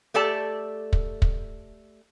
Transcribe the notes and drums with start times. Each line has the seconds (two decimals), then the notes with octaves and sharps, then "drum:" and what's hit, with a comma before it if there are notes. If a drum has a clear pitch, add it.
0.14 A3 G4 A4 D5 A5
0.93 drum: kick
1.22 drum: kick